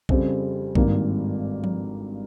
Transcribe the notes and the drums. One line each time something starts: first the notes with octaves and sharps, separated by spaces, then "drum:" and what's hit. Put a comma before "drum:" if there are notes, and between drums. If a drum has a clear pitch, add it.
F2 C#3 G3 C4, drum: kick A#1
G#1 G2 D#3 A#3, drum: kick A#1
drum: tom F3